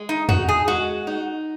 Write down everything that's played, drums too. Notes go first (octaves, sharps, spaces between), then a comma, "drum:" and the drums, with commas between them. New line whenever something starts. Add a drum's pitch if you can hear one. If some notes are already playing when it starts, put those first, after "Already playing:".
Already playing: G#3
D#4
D#4 F#4, drum: tom E2
G#4
G#3 F#4
D#4